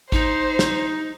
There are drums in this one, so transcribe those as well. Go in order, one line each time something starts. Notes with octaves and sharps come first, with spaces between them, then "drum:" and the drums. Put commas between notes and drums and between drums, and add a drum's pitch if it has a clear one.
D#4 C5, drum: kick A1
drum: snare